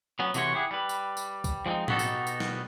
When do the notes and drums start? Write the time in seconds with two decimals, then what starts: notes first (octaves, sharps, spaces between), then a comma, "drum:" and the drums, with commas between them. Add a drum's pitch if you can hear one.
0.19 F#3 B3 C#4
0.34 C3 E3 A3 F#4 C5 C#5, drum: tambourine
0.54 E4 G4 G#4 F#5
0.71 G3 B4
0.89 drum: tambourine
1.17 drum: tambourine
1.44 drum: kick, tambourine
1.66 F3 G#3 A#3 C4 D#4
1.88 B2 B3 D#4 F#4 G4 A4, drum: tom A2
1.99 drum: tambourine
2.27 drum: tambourine
2.40 drum: snare